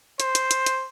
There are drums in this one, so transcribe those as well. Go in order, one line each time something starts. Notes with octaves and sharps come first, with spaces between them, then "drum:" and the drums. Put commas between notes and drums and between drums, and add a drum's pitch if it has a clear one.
C5, drum: hi-hat
drum: hi-hat
drum: hi-hat
drum: hi-hat